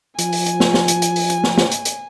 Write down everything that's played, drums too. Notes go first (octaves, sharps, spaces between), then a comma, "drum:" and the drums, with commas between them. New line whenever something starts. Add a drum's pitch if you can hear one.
F3 G#5, drum: hi-hat
drum: open hi-hat
drum: hi-hat
drum: snare
drum: snare
drum: hi-hat
drum: hi-hat
drum: open hi-hat
drum: hi-hat
drum: snare
drum: snare
drum: hi-hat
drum: hi-hat